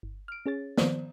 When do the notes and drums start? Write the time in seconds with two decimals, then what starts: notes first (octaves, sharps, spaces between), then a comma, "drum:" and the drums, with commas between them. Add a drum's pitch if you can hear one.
0.03 G1
0.28 F6 D7
0.46 C#4 G#4 C#5 A6
0.78 D#3 F3 B3 C5 D5, drum: snare